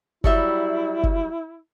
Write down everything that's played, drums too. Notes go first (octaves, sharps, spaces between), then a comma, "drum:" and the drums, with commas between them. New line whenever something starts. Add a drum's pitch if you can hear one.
F#3 G3 E4 E5, drum: kick F#1
drum: kick F#1